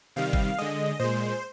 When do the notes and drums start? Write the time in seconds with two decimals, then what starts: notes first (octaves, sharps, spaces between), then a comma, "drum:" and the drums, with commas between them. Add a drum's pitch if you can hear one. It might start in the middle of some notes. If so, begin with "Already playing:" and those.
0.16 C3 D#3 G3 F5
0.33 drum: kick G1
0.58 D3 G#3 D#5
0.99 A#2 G#3 C5